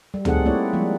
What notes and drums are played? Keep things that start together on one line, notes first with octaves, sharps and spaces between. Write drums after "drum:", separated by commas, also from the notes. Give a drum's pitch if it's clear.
G3
A3 C4 D#4 G#4 A4 F#5, drum: tom
A3 A#3 C4 E4 C#5 D5
F3 G3 G#3 A#3